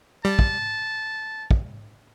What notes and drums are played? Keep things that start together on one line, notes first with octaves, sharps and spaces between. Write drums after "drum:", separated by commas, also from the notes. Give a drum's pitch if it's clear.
G3 A5
drum: kick
drum: kick